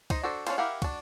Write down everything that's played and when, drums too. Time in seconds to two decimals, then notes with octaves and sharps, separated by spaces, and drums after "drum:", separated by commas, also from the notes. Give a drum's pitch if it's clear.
0.10 D#4 C5 D#5, drum: kick, cymbal
0.23 D4 F#4 A4 C5
0.47 C#4 D4 F4 C5, drum: cymbal
0.58 E4 G4 A#4 F5 F#5
0.82 D4 F#4, drum: kick, cymbal